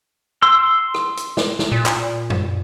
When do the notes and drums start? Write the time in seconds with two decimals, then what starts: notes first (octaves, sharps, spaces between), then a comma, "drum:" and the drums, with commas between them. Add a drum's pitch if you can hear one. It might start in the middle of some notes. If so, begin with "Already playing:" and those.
0.42 C6 E6
0.94 drum: rim click
1.17 drum: hi-hat
1.37 drum: snare
1.59 drum: snare
1.72 A#2
1.86 drum: clap
2.30 drum: tom F#2